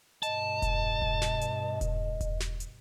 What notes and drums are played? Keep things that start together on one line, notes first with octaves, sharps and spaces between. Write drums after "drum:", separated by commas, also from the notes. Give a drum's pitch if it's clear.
G2 B2 D#5 A5, drum: hi-hat
drum: kick E1, hi-hat
drum: kick E1
drum: snare
drum: hi-hat
drum: kick E1, hi-hat
drum: kick E1, hi-hat
drum: snare
drum: hi-hat